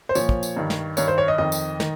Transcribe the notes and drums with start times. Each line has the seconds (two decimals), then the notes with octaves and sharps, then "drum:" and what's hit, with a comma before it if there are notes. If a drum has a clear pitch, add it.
0.09 C5
0.15 A#2 F3 C#5, drum: tambourine
0.29 drum: kick
0.43 drum: tambourine
0.56 G2 D#3
0.70 drum: snare
0.97 G2 D#3 C#5, drum: tambourine
1.08 C5
1.18 C#5
1.28 D#5
1.38 F2 D#3 D#5
1.52 drum: tambourine
1.80 D#3, drum: snare